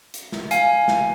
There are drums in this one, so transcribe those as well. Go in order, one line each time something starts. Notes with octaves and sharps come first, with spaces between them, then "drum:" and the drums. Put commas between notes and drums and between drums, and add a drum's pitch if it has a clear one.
drum: hi-hat
drum: snare
F5 G#5, drum: hi-hat
drum: snare